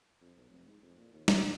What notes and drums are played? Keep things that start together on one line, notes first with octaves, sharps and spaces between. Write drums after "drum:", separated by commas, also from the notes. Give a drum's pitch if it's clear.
F2
B1
F1
G#2
F2
A#2
D#2
C3, drum: snare
F#1